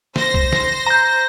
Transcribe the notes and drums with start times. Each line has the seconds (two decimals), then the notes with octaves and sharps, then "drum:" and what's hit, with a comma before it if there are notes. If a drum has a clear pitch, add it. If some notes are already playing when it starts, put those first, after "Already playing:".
0.16 C5 A#6, drum: snare
0.34 drum: kick C2
0.52 drum: snare
0.87 A#5 G6